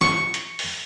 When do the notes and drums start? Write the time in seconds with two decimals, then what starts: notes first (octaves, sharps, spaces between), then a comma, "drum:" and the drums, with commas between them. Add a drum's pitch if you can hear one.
0.01 C#6, drum: snare
0.34 drum: hi-hat
0.59 drum: open hi-hat